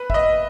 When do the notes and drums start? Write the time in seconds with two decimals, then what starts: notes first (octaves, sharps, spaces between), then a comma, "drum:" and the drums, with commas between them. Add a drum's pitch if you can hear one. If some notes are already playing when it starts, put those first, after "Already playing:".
Already playing: B4
0.10 E5, drum: kick
0.14 D#5